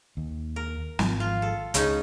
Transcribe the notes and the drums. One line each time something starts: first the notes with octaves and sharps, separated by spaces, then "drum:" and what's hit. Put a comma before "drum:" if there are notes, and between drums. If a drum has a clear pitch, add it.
D#2
A#4
G#1 F3, drum: snare
F4
A4
C#2 C#3 C#4 D#4, drum: hi-hat